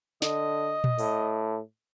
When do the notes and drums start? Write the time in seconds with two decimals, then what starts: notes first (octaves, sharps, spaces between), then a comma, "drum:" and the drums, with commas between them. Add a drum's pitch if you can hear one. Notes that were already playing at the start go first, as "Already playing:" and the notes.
0.22 D3 D#5, drum: snare
0.84 drum: tom A#2
0.98 A2, drum: open hi-hat